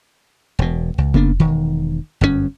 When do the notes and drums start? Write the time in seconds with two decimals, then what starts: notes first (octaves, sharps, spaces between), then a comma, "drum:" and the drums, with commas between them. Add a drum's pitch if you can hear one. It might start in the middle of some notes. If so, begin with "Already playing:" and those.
0.59 E1 B2
0.98 C#2
1.14 C#3 A#3 B3 D4, drum: kick F1
1.40 E1 D#3
2.21 G1 F#2 A2 C#4